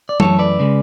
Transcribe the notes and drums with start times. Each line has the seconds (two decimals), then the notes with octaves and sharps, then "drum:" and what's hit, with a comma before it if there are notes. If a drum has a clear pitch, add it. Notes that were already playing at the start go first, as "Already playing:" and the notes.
0.09 D5
0.20 F#2 E3 A3 A4 C#5, drum: tom F#3
0.39 B4 D5
0.60 C#3 G#3